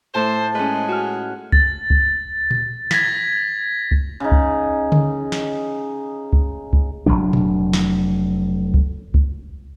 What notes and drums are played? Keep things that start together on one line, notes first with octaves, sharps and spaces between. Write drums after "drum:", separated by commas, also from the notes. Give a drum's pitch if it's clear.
A2 A4 C5 A5
G#3 C#4 B4
F#4 F6
A6, drum: kick C#2
drum: kick C#2
drum: tom A#2
G#6 A#6 B6, drum: snare
drum: kick C#2
C#3 D#4
drum: kick C#2
drum: tom C#3
drum: snare
drum: kick C#2
drum: kick C#2
F1 F2 F#3 D4
drum: tom A#2
drum: snare
drum: kick C#2
drum: kick C#2